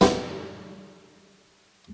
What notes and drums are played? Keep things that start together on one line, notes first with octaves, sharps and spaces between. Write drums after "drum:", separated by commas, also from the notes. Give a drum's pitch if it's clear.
B3 C4 E4 G4 B4, drum: snare